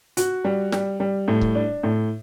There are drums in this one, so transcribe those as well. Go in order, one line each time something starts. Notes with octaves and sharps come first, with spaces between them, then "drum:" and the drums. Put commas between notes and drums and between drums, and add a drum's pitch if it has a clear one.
F#4, drum: hi-hat
G3
G3, drum: snare
G3
A2
drum: kick C#1
D4
A2